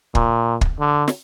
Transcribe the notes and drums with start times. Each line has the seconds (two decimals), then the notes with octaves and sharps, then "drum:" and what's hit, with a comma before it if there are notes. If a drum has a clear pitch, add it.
0.15 A#2, drum: kick
0.61 drum: kick
0.80 D3
1.08 drum: snare